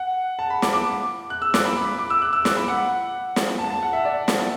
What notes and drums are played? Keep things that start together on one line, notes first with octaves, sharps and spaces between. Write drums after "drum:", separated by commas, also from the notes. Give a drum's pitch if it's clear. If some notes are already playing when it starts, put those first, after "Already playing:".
Already playing: F#5
A5
B5
D6, drum: snare
D6
F#6
E6
D6, drum: snare
B5
B5
D6
E6
F#6
E6
D6, drum: snare
B5
F#5
drum: snare
A5
A5
F#5
E5
D5
drum: snare